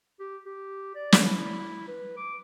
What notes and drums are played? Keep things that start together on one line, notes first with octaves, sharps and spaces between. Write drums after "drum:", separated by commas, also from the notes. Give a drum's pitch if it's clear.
G4
G4
D5
drum: snare
E4
B4
D6